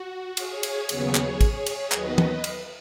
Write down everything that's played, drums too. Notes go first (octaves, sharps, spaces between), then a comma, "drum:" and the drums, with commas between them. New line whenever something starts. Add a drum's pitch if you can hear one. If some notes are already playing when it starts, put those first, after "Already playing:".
Already playing: F#4
G#4 C#5, drum: cymbal
drum: cymbal
D#2 C#3 F#3 B3, drum: cymbal
drum: clap
drum: kick, cymbal
drum: cymbal
D#2 D#3 F#3 B3 B4 D#5, drum: clap
drum: tom
drum: cymbal